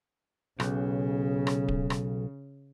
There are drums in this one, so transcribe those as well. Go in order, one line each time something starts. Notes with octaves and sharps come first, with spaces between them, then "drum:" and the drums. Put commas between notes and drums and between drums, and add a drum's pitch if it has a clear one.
B1 C#3, drum: rim click
drum: rim click
drum: kick D1
drum: rim click